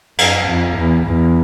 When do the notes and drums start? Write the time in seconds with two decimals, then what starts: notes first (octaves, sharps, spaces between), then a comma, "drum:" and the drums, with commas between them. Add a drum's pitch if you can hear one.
0.18 F#2, drum: cymbal
0.47 F2
0.77 E2
1.07 E2